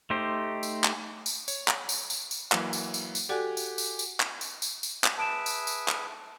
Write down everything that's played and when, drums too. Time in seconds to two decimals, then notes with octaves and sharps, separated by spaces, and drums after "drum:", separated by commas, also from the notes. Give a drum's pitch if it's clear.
0.10 A3 D#4 G4 C5
0.63 drum: tambourine
0.84 drum: clap
1.26 drum: tambourine
1.48 C#5, drum: tambourine
1.68 drum: clap
1.89 drum: tambourine
2.10 drum: tambourine
2.31 drum: tambourine
2.52 E3 F#3 A#3, drum: clap
2.73 drum: tambourine
2.94 drum: tambourine
3.15 drum: tambourine
3.29 F#4 G4 A4 D5 F#5 G#5
3.57 drum: tambourine
3.78 drum: tambourine
3.99 drum: tambourine
4.20 drum: clap
4.41 drum: tambourine
4.62 drum: tambourine
4.83 drum: tambourine
5.04 drum: clap
5.17 G#4 B4 E5 A5 D7 E7
5.46 drum: tambourine
5.67 drum: tambourine
5.88 drum: clap